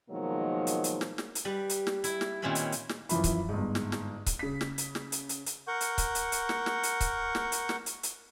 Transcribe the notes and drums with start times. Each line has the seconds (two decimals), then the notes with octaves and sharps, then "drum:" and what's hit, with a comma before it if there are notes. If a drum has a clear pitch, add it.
0.10 B2 D#3 F3 F#3 G#3 A#3
0.67 drum: hi-hat
0.84 drum: hi-hat
1.01 drum: snare
1.18 drum: snare
1.35 drum: hi-hat
1.45 G3 B4
1.69 drum: hi-hat
1.87 drum: snare
2.04 E4, drum: hi-hat
2.21 drum: snare
2.42 A#2 D#3 C4 C#4 E4 B4
2.55 drum: hi-hat
2.72 drum: hi-hat
2.89 drum: snare
3.09 F#2 E3 F3 E4 B5, drum: hi-hat
3.24 drum: kick C#1, hi-hat
3.49 G1 G#2
3.75 drum: snare
3.92 drum: snare
4.26 drum: kick C#1, hi-hat
4.39 C#3 B6
4.61 drum: snare
4.78 drum: hi-hat
4.95 drum: snare
5.12 drum: hi-hat
5.29 drum: hi-hat
5.46 drum: hi-hat
5.68 A#4 F#5 C#6 G6
5.81 drum: hi-hat
5.98 drum: kick C#1, hi-hat
6.15 drum: hi-hat
6.32 drum: hi-hat
6.49 drum: snare
6.66 drum: snare
6.83 drum: hi-hat
7.00 drum: kick C#1, hi-hat
7.35 drum: snare
7.52 drum: hi-hat
7.69 drum: snare
7.86 drum: hi-hat
8.03 drum: hi-hat